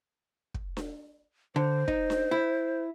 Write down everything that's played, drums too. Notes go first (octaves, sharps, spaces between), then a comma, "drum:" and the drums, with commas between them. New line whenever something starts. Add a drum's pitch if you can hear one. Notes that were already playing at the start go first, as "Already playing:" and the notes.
drum: kick
drum: snare D4
D3 C5
D#4, drum: kick
drum: snare D4
E4